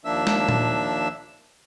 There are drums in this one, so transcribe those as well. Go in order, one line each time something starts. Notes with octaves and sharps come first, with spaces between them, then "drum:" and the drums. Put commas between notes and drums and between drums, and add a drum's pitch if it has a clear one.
D#2 F3 A#3 D4 E5 E6
drum: snare
drum: tom A#2